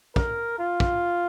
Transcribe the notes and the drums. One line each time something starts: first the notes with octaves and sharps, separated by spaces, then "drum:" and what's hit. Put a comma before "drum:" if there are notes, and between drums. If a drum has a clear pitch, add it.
A#4, drum: kick
F4
drum: kick